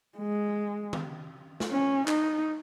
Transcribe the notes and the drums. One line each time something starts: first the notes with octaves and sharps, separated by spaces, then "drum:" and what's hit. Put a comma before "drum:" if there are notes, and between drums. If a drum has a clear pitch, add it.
G#3
drum: tom D#3
drum: snare
C#4
D#4, drum: clap